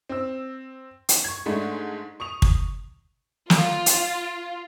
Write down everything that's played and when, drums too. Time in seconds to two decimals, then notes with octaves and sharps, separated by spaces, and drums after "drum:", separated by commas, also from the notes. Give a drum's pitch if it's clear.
0.09 C4 E6
1.09 drum: hi-hat
1.24 C#6 G#6
1.46 G#2 G#3 A3 D4
2.20 C#6 D#6 F7
2.42 drum: kick
3.50 F4, drum: snare
3.86 drum: hi-hat